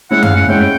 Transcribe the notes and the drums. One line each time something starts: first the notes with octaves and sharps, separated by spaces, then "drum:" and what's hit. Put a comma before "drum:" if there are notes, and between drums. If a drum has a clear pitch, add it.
G#3 C#4 E4 F#5
F5, drum: tom F#2
F#5
G#3 C#4 E4 G5